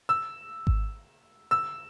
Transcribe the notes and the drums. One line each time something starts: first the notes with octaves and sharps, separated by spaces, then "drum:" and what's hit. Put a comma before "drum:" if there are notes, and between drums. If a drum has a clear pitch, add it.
E6
drum: kick G#1
E6